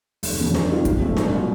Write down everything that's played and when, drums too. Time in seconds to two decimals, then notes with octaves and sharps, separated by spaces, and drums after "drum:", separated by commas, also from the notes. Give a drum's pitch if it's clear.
0.23 F1, drum: open hi-hat
0.38 E2 C#3 F3
0.55 F#2, drum: snare D4
0.70 D#3 G3 C4 F4
0.85 A1, drum: kick, hi-hat
1.01 G#2 F3 A3 C4
1.17 C2, drum: snare D4
1.32 A#2 F#3